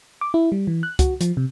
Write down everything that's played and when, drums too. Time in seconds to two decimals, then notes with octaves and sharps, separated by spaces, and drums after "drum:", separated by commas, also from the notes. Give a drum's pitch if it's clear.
0.21 D6
0.34 E4
0.52 G3
0.67 E3
0.83 F#6
0.99 F#4, drum: kick, hi-hat
1.21 F3, drum: hi-hat
1.37 C3